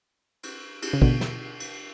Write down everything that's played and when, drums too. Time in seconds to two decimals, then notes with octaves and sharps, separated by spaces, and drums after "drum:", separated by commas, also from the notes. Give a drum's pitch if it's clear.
0.43 drum: cymbal
0.82 drum: cymbal
0.93 C#3
1.02 B2 D3, drum: kick
1.21 drum: snare
1.60 drum: cymbal